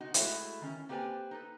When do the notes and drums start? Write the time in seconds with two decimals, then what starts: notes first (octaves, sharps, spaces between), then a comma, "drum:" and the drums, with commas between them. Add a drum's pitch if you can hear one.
0.01 C3 D#4 F#4
0.14 G#3 A3 E4 F#4 G#4, drum: hi-hat
0.61 D#3 C#4
0.89 A#3 C4 G4 B4 D5 G#5
1.31 D#4 A4 B4